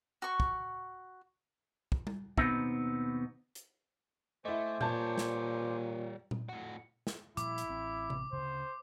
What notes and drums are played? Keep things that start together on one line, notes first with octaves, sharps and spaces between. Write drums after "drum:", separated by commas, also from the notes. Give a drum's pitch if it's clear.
F#4 C#6
drum: kick
drum: kick
drum: tom G3
D#2 B2 A3 B3 C4 D#4, drum: kick
drum: hi-hat
A3 E4 C5 D#5 G#5 D6
A#2 G3 C#5 A5 G6, drum: tom A#2
drum: snare
drum: tom A#2
F2 A2 F#4
drum: snare
A#2 F3 G3 E4 D6, drum: hi-hat
drum: hi-hat
A1 C4
drum: tom C3
D2 C#3 C5